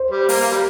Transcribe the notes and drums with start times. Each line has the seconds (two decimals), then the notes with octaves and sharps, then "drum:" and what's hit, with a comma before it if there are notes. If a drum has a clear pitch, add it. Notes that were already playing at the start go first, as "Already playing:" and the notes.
Already playing: C5
0.11 G3
0.29 A#3, drum: open hi-hat
0.40 A#3
0.52 G3